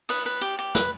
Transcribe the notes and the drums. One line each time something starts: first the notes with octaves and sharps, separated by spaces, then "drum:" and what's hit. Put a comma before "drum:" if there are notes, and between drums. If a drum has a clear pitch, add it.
B4 D#6, drum: cymbal
B4
G4
G4
B4, drum: snare